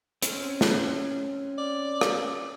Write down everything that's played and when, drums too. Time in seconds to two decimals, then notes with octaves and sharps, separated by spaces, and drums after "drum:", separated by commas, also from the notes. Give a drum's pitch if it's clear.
0.22 C4 C#4, drum: hi-hat
0.61 drum: snare
1.58 D5
2.01 drum: rim click